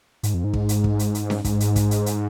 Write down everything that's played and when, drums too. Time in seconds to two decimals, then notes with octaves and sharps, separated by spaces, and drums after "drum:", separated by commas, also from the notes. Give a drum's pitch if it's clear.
0.23 G#2, drum: hi-hat
0.34 F2
0.44 G#2
0.54 drum: kick
0.69 drum: hi-hat
0.84 drum: kick
0.99 drum: hi-hat
1.15 drum: hi-hat
1.30 drum: snare C#4
1.45 G#2, drum: kick, hi-hat
1.60 drum: hi-hat
1.76 drum: kick, hi-hat
1.91 drum: hi-hat
2.06 drum: hi-hat